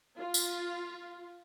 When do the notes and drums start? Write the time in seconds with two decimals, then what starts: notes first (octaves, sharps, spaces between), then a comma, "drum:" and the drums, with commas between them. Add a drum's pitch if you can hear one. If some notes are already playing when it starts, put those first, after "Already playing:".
0.18 F4
0.34 drum: tambourine